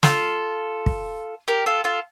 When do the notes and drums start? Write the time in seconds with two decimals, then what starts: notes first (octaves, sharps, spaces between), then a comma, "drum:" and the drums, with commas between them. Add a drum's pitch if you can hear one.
0.03 F4 A4, drum: snare
0.86 drum: kick
1.48 G4 A#4
1.66 F4 A4
1.84 F4 A4